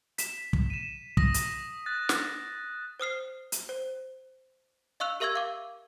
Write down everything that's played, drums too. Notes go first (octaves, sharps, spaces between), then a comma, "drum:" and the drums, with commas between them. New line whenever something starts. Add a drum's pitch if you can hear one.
B6 E7, drum: hi-hat
drum: kick
D#7 E7
D#6 A#6, drum: kick
drum: hi-hat
F#6 A6
drum: snare
C5 D#6 F6 C7
drum: hi-hat
C5
D#5 F5 C#6 E6 F#6 F7
G4 A#4 E5 C#6 E6 G#6
F5 D6